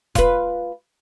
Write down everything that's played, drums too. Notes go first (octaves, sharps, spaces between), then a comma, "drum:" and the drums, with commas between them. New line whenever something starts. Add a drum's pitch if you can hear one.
F4 B4, drum: kick E1, hi-hat